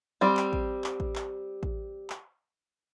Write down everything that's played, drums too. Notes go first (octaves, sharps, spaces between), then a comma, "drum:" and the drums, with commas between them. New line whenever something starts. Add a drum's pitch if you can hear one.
G3 C4
drum: clap
drum: kick A1
drum: clap
drum: kick A1
drum: clap
drum: kick A1
drum: clap